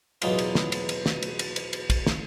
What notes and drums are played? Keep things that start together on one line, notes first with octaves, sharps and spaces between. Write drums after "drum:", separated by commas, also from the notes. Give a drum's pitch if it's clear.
B1 E2 F#3 G#3 F4, drum: cymbal
drum: cymbal
drum: snare
drum: cymbal
drum: cymbal
drum: snare
drum: cymbal
drum: cymbal
drum: cymbal
drum: cymbal
drum: kick, cymbal
drum: snare